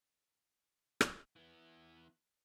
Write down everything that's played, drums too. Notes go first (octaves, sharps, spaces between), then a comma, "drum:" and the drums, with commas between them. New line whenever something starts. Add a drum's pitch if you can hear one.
drum: rim click
E3 B3